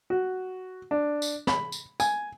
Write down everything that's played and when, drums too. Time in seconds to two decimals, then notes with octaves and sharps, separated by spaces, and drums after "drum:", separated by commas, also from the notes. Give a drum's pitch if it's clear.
0.10 F#4
0.91 D4
1.22 drum: tambourine
1.47 B5, drum: snare
1.72 drum: tambourine
2.00 G#5, drum: tambourine